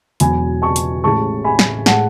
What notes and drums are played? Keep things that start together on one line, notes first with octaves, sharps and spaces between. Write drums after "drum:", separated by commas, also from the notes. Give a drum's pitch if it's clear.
E1 E2 B2 F#3 G#5 B5, drum: hi-hat
A5 C#6
drum: hi-hat
A1 A2 G#3 A5 C#6
G#5 B5
drum: snare
A2 G#3 F#5 A5, drum: snare